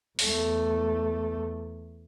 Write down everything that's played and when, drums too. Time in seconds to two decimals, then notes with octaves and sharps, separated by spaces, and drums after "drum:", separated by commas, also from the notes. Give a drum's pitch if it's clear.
0.19 E2 A3, drum: open hi-hat